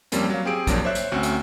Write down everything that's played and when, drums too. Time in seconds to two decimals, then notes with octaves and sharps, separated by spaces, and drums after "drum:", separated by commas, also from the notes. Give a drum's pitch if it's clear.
0.12 F2 G3 A#3 C4 C#4, drum: hi-hat
0.30 F#3 F5
0.45 C4 G4 G#4 D7
0.67 F2 F3 F#3 A#3 D4, drum: kick, hi-hat
0.85 C5 C#5 E5 F#6
0.95 drum: hi-hat
1.12 D2 C4 C#4 F#4
1.23 drum: hi-hat